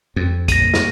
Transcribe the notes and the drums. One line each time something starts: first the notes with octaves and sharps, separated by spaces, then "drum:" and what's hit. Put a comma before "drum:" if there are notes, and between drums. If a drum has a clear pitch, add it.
F2 C4
C#2 G2 A#2 A#6 D#7, drum: kick, hi-hat
drum: snare